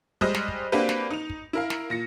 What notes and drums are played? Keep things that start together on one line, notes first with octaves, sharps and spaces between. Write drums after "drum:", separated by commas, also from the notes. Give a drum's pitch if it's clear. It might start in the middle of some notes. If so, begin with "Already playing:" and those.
G3 G#3 C5 D#5, drum: kick
drum: snare
drum: kick
A#3 C4 D4 F#4 G4 B4
drum: snare
D#4 F7
drum: kick
E4 A#4 F5
drum: snare
A#2 A#6 C#7